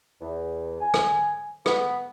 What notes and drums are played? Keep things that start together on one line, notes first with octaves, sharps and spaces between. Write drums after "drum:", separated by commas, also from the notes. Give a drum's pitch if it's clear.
E2
G#5
drum: rim click
B3, drum: rim click